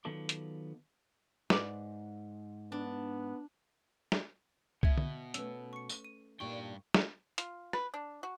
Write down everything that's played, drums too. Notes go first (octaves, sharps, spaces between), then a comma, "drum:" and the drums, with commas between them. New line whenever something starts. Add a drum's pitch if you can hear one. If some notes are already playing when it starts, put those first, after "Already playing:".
D#3 F#3 B3 F4 A4 D5
drum: hi-hat
G#2 B4 D5, drum: snare
B3 D4
drum: snare
B2 E5 G#6, drum: kick C2
drum: tom D3
A3 C#4 B4 E6, drum: hi-hat
C#6 C#7
drum: tambourine
D#7
G2 A#2 G3 D#4 G5 C#6
drum: snare
F4, drum: hi-hat
B4, drum: rim click
D4
F#4